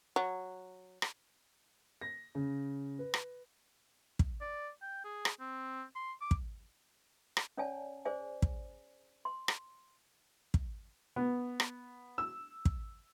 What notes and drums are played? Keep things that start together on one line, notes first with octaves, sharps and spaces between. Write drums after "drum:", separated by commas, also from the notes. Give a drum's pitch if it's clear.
F#3
drum: rim click
A#6
C#3
B4
drum: rim click
drum: kick
D5
G5
G#4
drum: rim click
C4
C6
D6
drum: kick
drum: rim click
C#4 C#5 D5 G#5 A5
G#4 C5 D5 G#5
drum: kick
C6
drum: rim click
drum: kick
B3
drum: rim click
E6
drum: kick